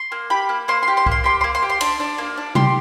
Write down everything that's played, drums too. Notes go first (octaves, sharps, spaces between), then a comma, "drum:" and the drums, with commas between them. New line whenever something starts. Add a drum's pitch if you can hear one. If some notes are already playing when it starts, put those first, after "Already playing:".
Already playing: C6
A#3
G4 B5
A#3
A#3 C6
C6
G4
C6
A#3, drum: kick C2
C6
G4 C6
C6
A#3
C6
G4
C6
D4, drum: cymbal
D4
A#3
D4
G4 C6, drum: tom C3